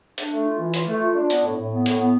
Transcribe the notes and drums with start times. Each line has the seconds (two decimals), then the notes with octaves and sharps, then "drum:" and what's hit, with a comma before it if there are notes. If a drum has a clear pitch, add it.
0.18 D4, drum: hi-hat
0.32 A3
0.46 F4
0.59 E3
0.74 F4, drum: hi-hat
0.88 A3
1.02 F4
1.15 D4
1.30 B3, drum: hi-hat
1.44 A2
1.57 A2
1.72 B3
1.86 A2, drum: hi-hat
1.99 B3